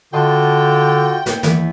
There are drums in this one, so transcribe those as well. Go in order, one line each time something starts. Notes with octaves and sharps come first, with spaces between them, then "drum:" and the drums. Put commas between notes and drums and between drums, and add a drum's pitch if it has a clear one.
D3 F4 F#4 D#5 G5 A5 C6
drum: snare
E2 B6, drum: snare